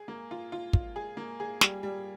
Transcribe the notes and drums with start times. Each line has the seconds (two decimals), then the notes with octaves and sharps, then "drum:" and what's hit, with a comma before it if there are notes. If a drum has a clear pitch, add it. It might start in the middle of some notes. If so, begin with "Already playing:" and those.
Already playing: G#4
0.08 A#3
0.31 F4
0.52 F4
0.73 F4, drum: kick
0.96 G#4
1.17 A#3
1.40 G#4
1.61 G3, drum: snare
1.83 G3